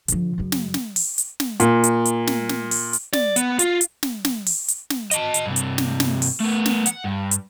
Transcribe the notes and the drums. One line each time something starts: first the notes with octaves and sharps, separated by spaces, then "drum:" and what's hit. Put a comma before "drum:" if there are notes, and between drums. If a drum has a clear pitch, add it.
D3 F3, drum: hi-hat
F#2 C#3
drum: snare
drum: snare
drum: open hi-hat
drum: hi-hat
drum: snare
A#2, drum: hi-hat
drum: hi-hat
drum: hi-hat
drum: snare
drum: snare
drum: open hi-hat
drum: hi-hat
D5, drum: snare
B3, drum: hi-hat
F4, drum: hi-hat
drum: hi-hat
drum: snare
drum: snare
drum: open hi-hat
drum: hi-hat
drum: snare
D#5 A5, drum: hi-hat
drum: hi-hat
G2 C3
drum: hi-hat
drum: snare
drum: snare
drum: open hi-hat
A3 B3
drum: snare
F#5, drum: hi-hat
G2
drum: hi-hat